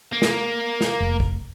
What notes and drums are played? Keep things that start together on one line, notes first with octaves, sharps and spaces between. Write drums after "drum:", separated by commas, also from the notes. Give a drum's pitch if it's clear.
A#3
drum: snare
drum: snare
F1
drum: kick